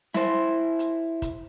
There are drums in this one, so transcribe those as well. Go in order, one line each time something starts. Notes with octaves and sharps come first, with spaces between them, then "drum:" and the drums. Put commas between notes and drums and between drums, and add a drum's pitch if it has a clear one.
E4 C5, drum: snare
drum: hi-hat
drum: kick, hi-hat